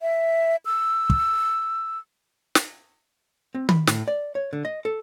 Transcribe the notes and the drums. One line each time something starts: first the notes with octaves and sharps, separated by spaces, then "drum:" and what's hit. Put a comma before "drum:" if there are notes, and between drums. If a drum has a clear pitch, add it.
E5
E6
drum: kick
drum: snare
C4
B5, drum: tom D#3
A2, drum: snare
D5
C#5
D3
D#5
A4